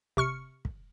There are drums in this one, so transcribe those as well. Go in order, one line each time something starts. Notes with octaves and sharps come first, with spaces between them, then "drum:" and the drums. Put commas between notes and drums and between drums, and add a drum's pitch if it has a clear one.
C3 C#6 F6 C#7, drum: kick
drum: kick